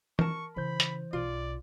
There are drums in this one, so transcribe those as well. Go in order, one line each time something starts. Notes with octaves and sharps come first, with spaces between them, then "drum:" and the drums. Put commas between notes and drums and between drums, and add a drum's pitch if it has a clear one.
A#4 A5 C#6, drum: tom
C#3 E3 C5 B5 G6
drum: hi-hat
B1 F4 D5